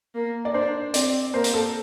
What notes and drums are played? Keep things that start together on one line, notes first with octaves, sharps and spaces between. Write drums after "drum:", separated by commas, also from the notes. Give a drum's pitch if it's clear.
A#3
D5
D4 C5
C4 D5, drum: hi-hat
A#3 C5
drum: hi-hat
A4